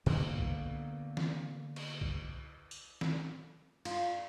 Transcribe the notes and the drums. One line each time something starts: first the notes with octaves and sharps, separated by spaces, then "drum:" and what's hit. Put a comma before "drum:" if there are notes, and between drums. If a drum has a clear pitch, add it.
B2 D3 A#3 B3, drum: cymbal
drum: kick
drum: snare
drum: cymbal
drum: kick
drum: tambourine
drum: snare
F4, drum: cymbal